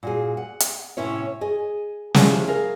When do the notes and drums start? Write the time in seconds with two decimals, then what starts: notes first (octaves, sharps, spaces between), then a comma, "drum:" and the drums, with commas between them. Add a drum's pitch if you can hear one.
0.03 A#2 F#4 G#4
0.37 F#5
0.60 drum: hi-hat
0.97 A2 C3 C#4 E4 C#5
1.41 G#4 D#5 G#5
2.14 F3 G3 A3 C#4 E4 G#4, drum: snare
2.47 G#4 A#4 F5